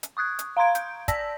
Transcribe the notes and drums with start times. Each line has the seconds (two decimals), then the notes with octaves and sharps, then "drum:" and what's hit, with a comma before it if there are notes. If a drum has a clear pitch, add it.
0.03 drum: hi-hat
0.17 C#6 D#6 F#6 G#6
0.39 drum: hi-hat
0.57 F5 A#5 C6 G#6 D7
0.75 G6, drum: hi-hat
1.08 D5 A5 E6 A#6 B6, drum: kick, hi-hat